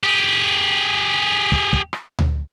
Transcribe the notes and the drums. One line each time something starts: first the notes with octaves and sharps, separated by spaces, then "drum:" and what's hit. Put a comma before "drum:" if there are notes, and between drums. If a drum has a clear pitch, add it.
G4 G#4
drum: kick
drum: kick
drum: rim click
drum: tom D2